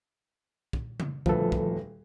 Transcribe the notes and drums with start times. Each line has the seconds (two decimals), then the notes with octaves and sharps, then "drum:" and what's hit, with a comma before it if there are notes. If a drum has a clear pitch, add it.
0.73 drum: kick
1.00 drum: tom C#3
1.26 D#1 D2 F3 A4 B4, drum: kick
1.52 drum: kick